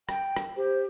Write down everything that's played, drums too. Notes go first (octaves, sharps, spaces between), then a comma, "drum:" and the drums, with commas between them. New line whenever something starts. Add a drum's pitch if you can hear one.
G5, drum: rim click
drum: rim click
G4 C5